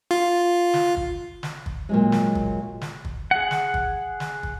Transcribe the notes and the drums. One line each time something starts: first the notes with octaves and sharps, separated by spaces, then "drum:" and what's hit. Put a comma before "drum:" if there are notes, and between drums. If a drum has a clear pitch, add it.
F4
drum: snare
drum: kick
drum: snare
drum: kick
A#2 F#3 G#3
drum: snare
drum: kick
drum: snare
drum: kick
G#4 F#5
drum: snare
drum: kick
drum: snare
drum: kick